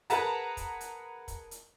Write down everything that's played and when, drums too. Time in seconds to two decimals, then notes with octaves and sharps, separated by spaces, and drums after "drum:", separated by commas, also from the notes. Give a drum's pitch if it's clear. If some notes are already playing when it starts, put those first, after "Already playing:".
0.10 G#4 A#4 B4 F#5 A5 A#5, drum: hi-hat
0.57 drum: kick, hi-hat
0.81 drum: hi-hat
1.28 drum: kick, hi-hat
1.51 drum: hi-hat